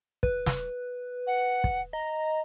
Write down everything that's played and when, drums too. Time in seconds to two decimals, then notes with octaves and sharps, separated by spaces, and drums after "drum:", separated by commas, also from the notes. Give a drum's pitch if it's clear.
0.23 B4, drum: kick
0.46 drum: snare
1.27 F#5
1.64 drum: kick
1.93 D#5 A#5